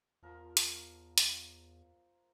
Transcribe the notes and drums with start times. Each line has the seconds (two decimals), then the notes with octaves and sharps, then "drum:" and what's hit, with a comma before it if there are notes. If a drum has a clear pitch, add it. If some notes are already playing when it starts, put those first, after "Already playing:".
0.23 E2 F3 A#4
0.57 drum: hi-hat
1.18 drum: hi-hat